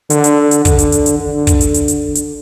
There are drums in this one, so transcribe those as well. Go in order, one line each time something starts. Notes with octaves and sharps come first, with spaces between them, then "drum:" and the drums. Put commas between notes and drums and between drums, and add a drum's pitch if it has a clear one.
D3, drum: hi-hat
drum: hi-hat
drum: hi-hat
D3, drum: kick, hi-hat
drum: hi-hat
drum: hi-hat
drum: hi-hat
D3
drum: kick, hi-hat
drum: hi-hat
drum: hi-hat
drum: hi-hat
drum: hi-hat